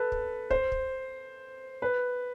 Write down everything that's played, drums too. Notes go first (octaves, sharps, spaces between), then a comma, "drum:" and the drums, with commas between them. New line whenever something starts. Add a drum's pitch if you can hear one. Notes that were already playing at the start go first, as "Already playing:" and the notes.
Already playing: A4 B4
drum: kick
C5, drum: kick
drum: kick
B4